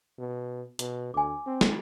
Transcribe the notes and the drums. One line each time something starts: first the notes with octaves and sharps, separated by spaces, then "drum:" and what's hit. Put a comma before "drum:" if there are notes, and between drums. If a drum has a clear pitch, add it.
B2
B2, drum: hi-hat
D2 G#5 D6
C4
drum: snare